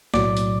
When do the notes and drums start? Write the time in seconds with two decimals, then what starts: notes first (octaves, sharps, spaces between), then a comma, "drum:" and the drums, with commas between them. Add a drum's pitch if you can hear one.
0.14 B1 A2 F#3 D5 D6, drum: snare
0.37 drum: hi-hat